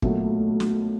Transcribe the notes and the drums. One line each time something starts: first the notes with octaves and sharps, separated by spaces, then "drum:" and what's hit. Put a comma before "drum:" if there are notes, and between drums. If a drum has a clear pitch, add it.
B1 A#2 F#3 A3, drum: kick
drum: snare